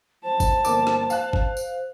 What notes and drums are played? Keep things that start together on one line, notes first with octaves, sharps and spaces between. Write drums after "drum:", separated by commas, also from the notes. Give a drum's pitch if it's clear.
C5 A5
drum: kick, tambourine
G1 A#3 D6, drum: tambourine
drum: snare
F5 F#6, drum: tambourine
drum: kick
drum: tambourine